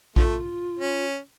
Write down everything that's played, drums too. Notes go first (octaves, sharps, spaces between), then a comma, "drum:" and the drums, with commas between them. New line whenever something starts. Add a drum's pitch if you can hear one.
D3 F3 A3 F4, drum: kick A#1
C#4